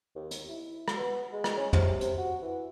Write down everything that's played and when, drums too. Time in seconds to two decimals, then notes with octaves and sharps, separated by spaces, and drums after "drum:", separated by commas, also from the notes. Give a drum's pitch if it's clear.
0.15 D#2
0.31 drum: hi-hat
0.49 E4
0.88 drum: rim click
0.97 B3
1.33 G#3
1.44 drum: rim click
1.57 C#4
1.73 C3, drum: tom
2.01 C3, drum: hi-hat
2.17 F#4
2.42 E3